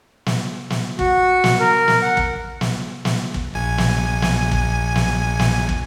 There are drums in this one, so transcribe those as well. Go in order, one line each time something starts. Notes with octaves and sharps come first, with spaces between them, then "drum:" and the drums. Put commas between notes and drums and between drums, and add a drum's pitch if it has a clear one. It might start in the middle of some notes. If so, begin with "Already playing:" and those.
drum: snare
drum: snare
F#4, drum: kick
drum: snare
A#4
drum: snare
F#5
drum: kick
drum: snare
drum: snare
drum: kick
A#1 G#5
drum: snare
drum: snare
drum: kick
drum: snare
drum: snare
drum: kick